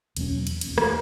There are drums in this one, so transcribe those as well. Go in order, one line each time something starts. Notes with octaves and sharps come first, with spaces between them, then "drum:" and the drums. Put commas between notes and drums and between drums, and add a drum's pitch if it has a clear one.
E2 B2 F#3 A#3 C#4, drum: cymbal
drum: cymbal
drum: cymbal
E2
E3 A#3, drum: rim click